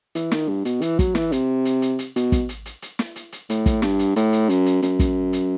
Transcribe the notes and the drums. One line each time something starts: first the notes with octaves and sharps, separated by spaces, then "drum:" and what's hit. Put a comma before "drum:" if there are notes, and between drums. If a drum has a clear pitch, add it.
E3, drum: hi-hat
D#3, drum: snare
G2
B2, drum: hi-hat
E3, drum: hi-hat
F#3, drum: kick, hi-hat
E3, drum: snare
C3, drum: hi-hat
drum: hi-hat
drum: hi-hat
drum: hi-hat
B2, drum: hi-hat
drum: kick, hi-hat
drum: hi-hat
drum: hi-hat
drum: hi-hat
drum: snare
drum: hi-hat
drum: hi-hat
A2, drum: hi-hat
drum: kick, hi-hat
G2, drum: snare
drum: hi-hat
A2, drum: hi-hat
drum: hi-hat
F#2, drum: hi-hat
drum: hi-hat
F#2, drum: hi-hat
drum: kick, hi-hat
drum: hi-hat